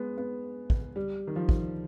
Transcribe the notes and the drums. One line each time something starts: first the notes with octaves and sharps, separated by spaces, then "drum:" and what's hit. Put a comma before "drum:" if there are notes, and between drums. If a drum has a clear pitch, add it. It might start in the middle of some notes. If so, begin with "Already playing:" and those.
Already playing: G#3 B3
B3
drum: kick
G3
D#3
F3
drum: kick